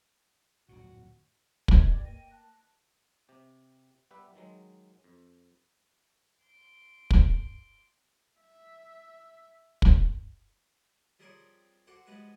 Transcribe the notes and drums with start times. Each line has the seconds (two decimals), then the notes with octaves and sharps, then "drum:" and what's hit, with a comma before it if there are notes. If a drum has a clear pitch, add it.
0.69 D1 F2 A#2 F#4
1.68 B4 D#5 G#5 G#6, drum: kick
1.90 B3 G4 D5
2.05 A#3 G5 A#6 D#7
2.31 A5 F#6
3.29 C3 G4
4.11 G3 B3 G4 B4 E5
4.35 D#3 F#3 G#3
5.04 F2
6.42 C6 D7
7.11 drum: kick
8.41 E5
9.82 drum: kick
11.19 F3 G3 C4 G#4 A#4 C#5
11.87 F#4 A4 C5 D5
12.06 F3 G3 G#3 C#4 F#4 B4